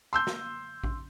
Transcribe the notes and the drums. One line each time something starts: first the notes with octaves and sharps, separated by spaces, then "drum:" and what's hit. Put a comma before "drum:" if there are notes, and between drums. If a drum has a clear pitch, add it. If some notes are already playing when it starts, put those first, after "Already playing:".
C6 E6 G6
drum: snare
drum: kick A1